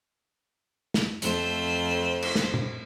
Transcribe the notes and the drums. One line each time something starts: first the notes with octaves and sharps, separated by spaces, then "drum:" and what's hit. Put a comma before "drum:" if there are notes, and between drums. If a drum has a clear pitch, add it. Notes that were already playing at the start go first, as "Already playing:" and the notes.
drum: snare
F2 A3 C5, drum: hi-hat
drum: cymbal
drum: snare
drum: tom A#2